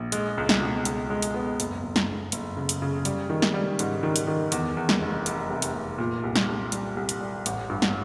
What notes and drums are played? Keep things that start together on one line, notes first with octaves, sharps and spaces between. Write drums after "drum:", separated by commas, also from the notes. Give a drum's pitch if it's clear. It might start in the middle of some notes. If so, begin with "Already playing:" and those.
Already playing: A#1
G#3, drum: hi-hat
C#2
drum: snare
B2
C#2, drum: hi-hat
G#3
drum: hi-hat
B3
F#1, drum: hi-hat
F#1
drum: snare
F#1
F#1, drum: hi-hat
C#3
drum: hi-hat
C#3
G3, drum: hi-hat
D#3
drum: snare
G3
G#2, drum: hi-hat
D#3
drum: hi-hat
D#3
E2, drum: hi-hat
E2
drum: snare
F1
F1, drum: hi-hat
C3
drum: hi-hat
F1
A#2
C2
drum: snare
C2
G3, drum: hi-hat
C2
drum: hi-hat
G3
A1, drum: hi-hat
G2
drum: snare